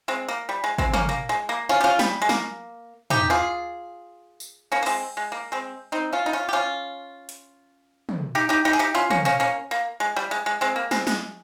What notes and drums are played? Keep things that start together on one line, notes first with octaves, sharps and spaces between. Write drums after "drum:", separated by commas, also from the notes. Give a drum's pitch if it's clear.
G#3 C4
A#3
G3
G#3
G#3 C4, drum: kick
A#3 C#4, drum: tom
A#3
G#3
A#3
C#4 F4
G4
C#4 F4
G3, drum: snare
G#3
A#3, drum: snare
D#4 G4, drum: tom
F4 G#4, drum: rim click
drum: tambourine
A#3 C#4
A#3
G#3 C4, drum: cymbal
G#3
A#3
G#3 C4
C4 D#4
C#4 F4
D#4
C#4 F4
G4
C#4 F4
drum: hi-hat
drum: tom
D#4 G4
D#4 G4
D#4 G4
G#4
D#4 G4
C#4 F4
A#3 C#4, drum: tom
A#3 C#4
A#3 C#4
A#3
G#3
G3
G#3
G#3
G#3 C4
A#3
G#3 C4, drum: snare
G#3, drum: snare